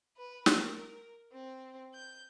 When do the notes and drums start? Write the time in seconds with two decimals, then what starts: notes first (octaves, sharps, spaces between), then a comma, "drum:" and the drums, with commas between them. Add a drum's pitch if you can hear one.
0.17 B4
0.46 A#4, drum: snare
1.32 C4
1.94 G6